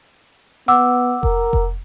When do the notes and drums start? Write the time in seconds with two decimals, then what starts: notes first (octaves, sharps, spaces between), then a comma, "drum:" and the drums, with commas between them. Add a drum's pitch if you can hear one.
0.68 B3 F#5 D6 E6
1.23 A#4, drum: kick F1
1.53 drum: kick F1